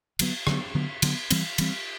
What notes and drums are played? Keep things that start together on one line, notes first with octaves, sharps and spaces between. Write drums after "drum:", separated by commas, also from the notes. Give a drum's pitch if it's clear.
D3 F#3 B3, drum: cymbal
D3 F#3 B3, drum: rim click
D3 F#3 B3
D3 F#3 B3, drum: cymbal
E3 G3 C4, drum: cymbal
E3 G3 C4, drum: cymbal